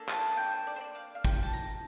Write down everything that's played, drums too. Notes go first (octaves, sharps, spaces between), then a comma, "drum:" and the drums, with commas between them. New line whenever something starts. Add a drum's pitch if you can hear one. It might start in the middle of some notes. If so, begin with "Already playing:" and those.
Already playing: A#3 D4 A4
A5, drum: clap
G5
C5
D5
C5
D5
F5
F5
G5, drum: kick
A5
A#5